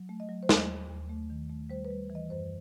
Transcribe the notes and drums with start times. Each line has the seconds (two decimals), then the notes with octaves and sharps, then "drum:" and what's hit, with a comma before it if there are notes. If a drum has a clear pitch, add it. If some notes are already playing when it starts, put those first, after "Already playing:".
Already playing: F#3
0.09 A3
0.20 D#5
0.29 F#3
0.43 C5
0.49 D#2 D#5, drum: snare
0.69 D#2
0.90 D#2
1.09 A3
1.30 D#3
1.49 A3
1.70 G3 C5
1.85 B4
1.90 G3
2.10 E3
2.15 D#5
2.30 F#2 C5